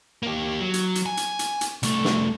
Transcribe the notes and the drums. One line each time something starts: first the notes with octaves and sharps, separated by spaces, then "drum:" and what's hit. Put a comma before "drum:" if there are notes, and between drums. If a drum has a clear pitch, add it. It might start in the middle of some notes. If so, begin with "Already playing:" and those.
A#3 G4
F#3
drum: hi-hat
drum: hi-hat
G#5
drum: hi-hat
drum: hi-hat
drum: hi-hat
C2 A3, drum: hi-hat
drum: snare